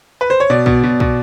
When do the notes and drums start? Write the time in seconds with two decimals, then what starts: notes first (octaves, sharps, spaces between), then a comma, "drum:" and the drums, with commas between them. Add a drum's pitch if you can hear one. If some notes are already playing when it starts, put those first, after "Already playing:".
0.21 B4
0.30 C5
0.40 C#5
0.50 B2 D5
0.66 B2, drum: kick
0.83 B2
1.00 B2, drum: kick